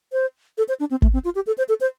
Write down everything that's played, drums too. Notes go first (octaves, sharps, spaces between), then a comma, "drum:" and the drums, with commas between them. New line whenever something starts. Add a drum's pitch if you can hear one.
C5
A4
C5
D4
C4
A3, drum: kick
C4
F4
G4
A4
C5
A4
C5